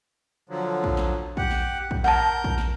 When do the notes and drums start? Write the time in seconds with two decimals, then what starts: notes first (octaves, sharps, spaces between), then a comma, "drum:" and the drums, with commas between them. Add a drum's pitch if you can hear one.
0.49 D3 F3 F#3
0.84 drum: kick
0.97 drum: snare
1.37 G4 F#5, drum: kick
1.51 drum: snare
1.91 drum: kick
2.04 A#4 F#5 A5 G6, drum: snare
2.44 drum: kick
2.58 drum: snare